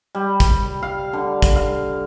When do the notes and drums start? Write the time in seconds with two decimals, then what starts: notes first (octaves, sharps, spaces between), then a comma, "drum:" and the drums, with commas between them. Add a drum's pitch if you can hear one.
0.15 G3
0.40 drum: kick, hi-hat
0.83 F5
1.13 D3
1.42 drum: kick, hi-hat
1.56 F5